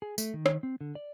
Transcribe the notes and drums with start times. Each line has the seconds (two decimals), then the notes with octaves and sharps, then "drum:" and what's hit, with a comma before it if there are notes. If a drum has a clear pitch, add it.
0.02 G#4
0.18 A3, drum: tambourine
0.34 D#3
0.46 drum: rim click
0.63 C4
0.81 D3
0.95 D5